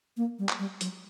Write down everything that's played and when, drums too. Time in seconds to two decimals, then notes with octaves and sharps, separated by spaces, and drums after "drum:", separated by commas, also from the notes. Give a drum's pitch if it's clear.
0.17 A#3
0.39 G3
0.49 drum: clap
0.59 G3
0.81 F#3, drum: hi-hat